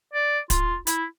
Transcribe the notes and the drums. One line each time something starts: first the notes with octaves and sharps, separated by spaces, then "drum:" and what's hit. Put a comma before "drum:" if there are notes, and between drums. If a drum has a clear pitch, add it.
D5
F4, drum: kick, hi-hat
E4, drum: hi-hat